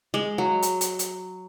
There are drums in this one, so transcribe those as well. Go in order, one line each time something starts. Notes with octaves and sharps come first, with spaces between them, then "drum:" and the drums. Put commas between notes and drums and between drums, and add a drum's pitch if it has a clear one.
G#3
F#3
drum: hi-hat
drum: hi-hat
drum: hi-hat